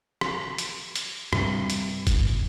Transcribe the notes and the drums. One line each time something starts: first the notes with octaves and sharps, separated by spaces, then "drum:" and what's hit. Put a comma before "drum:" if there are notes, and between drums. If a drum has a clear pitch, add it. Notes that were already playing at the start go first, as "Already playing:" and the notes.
drum: rim click
drum: hi-hat
drum: hi-hat
G2 C3, drum: rim click
drum: hi-hat
drum: kick, hi-hat